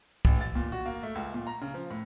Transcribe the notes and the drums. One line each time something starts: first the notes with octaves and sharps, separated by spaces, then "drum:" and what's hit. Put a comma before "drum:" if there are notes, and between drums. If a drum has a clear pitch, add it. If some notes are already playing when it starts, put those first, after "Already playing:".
A1, drum: kick
A6
A#2
F#4
A#3
A3
C#2
A#2
A#5
C#3
F3
A2